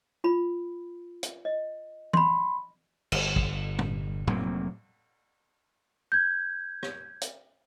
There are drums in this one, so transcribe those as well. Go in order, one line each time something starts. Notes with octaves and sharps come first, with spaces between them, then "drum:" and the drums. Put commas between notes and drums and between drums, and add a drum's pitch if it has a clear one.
F4 B5
drum: hi-hat
D#5
B5 C6, drum: tom E3
G1, drum: cymbal
drum: kick
drum: tom
F1 F#3 A#3 C4, drum: tom
G6 G#6
drum: rim click
drum: hi-hat